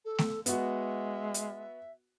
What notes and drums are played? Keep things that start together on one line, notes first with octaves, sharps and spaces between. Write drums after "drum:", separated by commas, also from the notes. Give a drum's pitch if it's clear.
A4
drum: snare A3
G#3 B3 F#4 E5, drum: hi-hat
drum: hi-hat